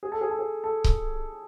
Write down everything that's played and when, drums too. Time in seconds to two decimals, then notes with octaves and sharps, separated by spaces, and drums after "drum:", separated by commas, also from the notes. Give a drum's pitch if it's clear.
0.03 G#4
0.12 A4
0.21 G#4
0.30 A4
0.39 G#4
0.64 A4
0.84 drum: kick C#1